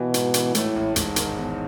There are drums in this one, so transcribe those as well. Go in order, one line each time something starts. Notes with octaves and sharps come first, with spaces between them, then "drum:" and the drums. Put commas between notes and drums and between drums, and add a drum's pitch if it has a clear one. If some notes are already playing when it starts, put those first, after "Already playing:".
Already playing: B2 E3
G#2, drum: hi-hat
E3, drum: hi-hat
A2 A3, drum: hi-hat
A1
E1 G#2, drum: hi-hat
D#3, drum: hi-hat
E2